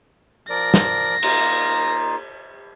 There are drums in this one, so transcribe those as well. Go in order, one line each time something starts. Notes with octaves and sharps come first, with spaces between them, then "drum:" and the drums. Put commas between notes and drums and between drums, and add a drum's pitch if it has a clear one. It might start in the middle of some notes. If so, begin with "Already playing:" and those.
F3 A#4 D5 A#6
drum: snare
A#3 D#4 F4, drum: cymbal